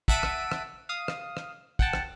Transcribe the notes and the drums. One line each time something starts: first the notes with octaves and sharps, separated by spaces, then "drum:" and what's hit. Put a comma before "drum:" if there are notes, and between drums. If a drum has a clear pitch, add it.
E5 F#5 A5 B6 D7 D#7, drum: kick
drum: rim click
drum: rim click
F5 D#6
drum: rim click
drum: rim click
F#5 G5 A5, drum: kick
drum: rim click